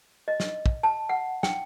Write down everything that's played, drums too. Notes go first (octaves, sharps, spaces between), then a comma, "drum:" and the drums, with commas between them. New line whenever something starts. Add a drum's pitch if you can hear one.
D#5
drum: snare
drum: kick
A5
F#5
G5, drum: snare